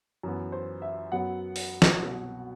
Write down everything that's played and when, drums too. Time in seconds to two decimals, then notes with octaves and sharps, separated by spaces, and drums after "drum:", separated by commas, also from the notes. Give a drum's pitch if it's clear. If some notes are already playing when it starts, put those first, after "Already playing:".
0.23 F#2 E3 B3
0.52 C5
0.82 E5
1.12 F#2 F#3 B3 F#5
1.56 drum: open hi-hat
1.82 drum: snare
2.00 C2 B2 F#3